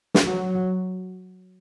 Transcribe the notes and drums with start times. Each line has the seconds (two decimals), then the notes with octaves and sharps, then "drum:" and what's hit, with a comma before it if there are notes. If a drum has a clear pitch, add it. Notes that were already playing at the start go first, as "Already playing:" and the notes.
0.15 drum: snare
0.25 F#3